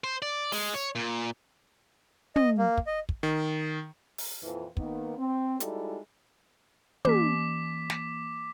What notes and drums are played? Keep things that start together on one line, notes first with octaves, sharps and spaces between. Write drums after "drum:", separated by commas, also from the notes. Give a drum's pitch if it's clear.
C5
D5
G#3, drum: open hi-hat
C#5
A#2
D#5, drum: tom
A#3
drum: kick
D#5
drum: kick
D#3
drum: open hi-hat
F2 A#2 E3
D#3 A#3 B3, drum: kick
C4
G3 G#3 D#4 E4 F#4 A4, drum: hi-hat
E3 A#3 D6 B6, drum: tom
drum: snare